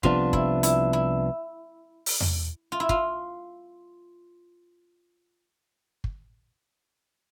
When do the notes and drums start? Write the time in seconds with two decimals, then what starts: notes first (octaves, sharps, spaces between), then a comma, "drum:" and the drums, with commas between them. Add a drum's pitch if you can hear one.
0.03 C2 C3 F3 B3 D4 F4, drum: kick
0.33 E4, drum: kick
0.63 E4, drum: hi-hat
0.93 E4
2.06 drum: open hi-hat
2.20 drum: tom E2
2.72 F4
2.80 E4
2.89 F4, drum: kick
6.04 drum: kick